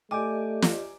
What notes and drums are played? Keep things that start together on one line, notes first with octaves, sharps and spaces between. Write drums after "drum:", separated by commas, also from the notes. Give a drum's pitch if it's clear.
A3 G4 D5 D#5 G#5 D6
drum: snare